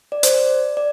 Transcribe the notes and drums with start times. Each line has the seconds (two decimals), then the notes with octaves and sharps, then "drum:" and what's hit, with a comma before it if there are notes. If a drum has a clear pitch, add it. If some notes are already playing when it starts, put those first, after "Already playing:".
0.12 D5
0.23 C5, drum: hi-hat
0.34 D5
0.77 D5